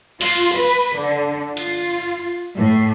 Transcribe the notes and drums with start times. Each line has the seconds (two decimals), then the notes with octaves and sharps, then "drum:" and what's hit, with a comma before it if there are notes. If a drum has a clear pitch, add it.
0.21 F4, drum: cymbal
0.57 B4
0.99 D3
1.57 F4, drum: cymbal
2.56 A2